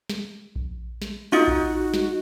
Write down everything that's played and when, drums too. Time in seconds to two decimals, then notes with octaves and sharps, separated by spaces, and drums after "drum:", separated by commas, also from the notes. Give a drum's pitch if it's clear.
0.10 drum: snare
0.56 drum: kick A#1
1.02 drum: snare
1.32 D#4 F4 F#4
1.48 drum: kick A#1
1.94 drum: snare